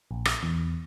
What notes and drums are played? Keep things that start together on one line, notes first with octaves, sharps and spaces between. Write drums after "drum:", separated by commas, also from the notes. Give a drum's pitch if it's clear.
A#1
drum: rim click
E2